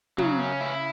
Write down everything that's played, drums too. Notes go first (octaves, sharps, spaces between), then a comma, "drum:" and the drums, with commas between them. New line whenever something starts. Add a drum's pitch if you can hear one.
C#3 F#3, drum: tom
C#4
E4